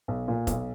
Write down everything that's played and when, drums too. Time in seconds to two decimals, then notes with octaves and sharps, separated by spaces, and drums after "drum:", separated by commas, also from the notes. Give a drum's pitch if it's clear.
0.08 B1
0.28 A#2
0.47 B1, drum: kick F1, hi-hat